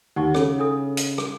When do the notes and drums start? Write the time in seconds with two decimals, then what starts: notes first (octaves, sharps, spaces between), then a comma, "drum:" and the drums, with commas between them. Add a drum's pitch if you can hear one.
0.16 D#2 D#4 F#5 C#6
0.34 C#3 G#4 A4 C#5, drum: rim click
0.59 D4 A4 D#6
0.97 drum: hi-hat
1.18 drum: rim click